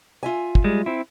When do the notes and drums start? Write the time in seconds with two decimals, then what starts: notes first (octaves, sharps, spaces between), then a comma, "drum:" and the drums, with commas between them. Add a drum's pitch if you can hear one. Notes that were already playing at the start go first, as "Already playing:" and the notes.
0.23 F4 E5 G#5
0.55 drum: kick
0.64 G3 G#3
0.86 C4 E4